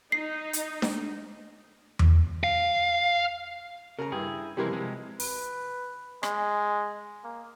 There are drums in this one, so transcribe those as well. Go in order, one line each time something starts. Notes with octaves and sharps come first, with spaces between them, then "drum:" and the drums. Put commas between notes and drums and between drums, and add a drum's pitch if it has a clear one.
D#4 C7
drum: hi-hat
drum: snare D4
drum: tom E2
F5
C#3 A#4 A#5
G2 E4 G#4
C3 E3 F3 G3 G#3 E4 A#4
C3 G#3
B4, drum: open hi-hat
G#3, drum: rim click
A#3